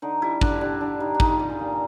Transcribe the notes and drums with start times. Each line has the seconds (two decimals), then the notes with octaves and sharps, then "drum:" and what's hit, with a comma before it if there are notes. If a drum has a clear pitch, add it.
0.02 D3 D#4
0.22 G3 E4
0.41 D3 D4, drum: kick
0.61 G3 D4
0.80 D3 D4
1.00 G3 D#4
1.15 D4
1.20 D3 D#4, drum: kick
1.30 F4
1.39 G3 G4
1.50 G#4
1.59 A#2